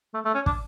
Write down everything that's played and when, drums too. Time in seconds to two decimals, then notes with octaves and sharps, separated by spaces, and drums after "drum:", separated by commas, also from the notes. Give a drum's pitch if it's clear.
0.14 A3
0.25 A3
0.35 C#4
0.46 D4, drum: kick